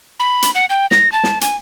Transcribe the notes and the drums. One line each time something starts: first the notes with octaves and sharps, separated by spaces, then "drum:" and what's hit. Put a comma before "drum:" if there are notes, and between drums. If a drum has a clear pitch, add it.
B5
drum: hi-hat
F#5
G5
A#6, drum: snare
A5
drum: snare
G#5, drum: hi-hat